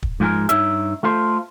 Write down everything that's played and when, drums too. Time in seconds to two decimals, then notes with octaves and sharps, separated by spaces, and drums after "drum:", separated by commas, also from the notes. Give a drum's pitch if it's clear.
0.03 drum: kick
0.20 G#2 F3 G#3 G4 G#4 A#4
0.49 G2 D#4 C#5 E5, drum: hi-hat
1.03 A3 F4 A4 C5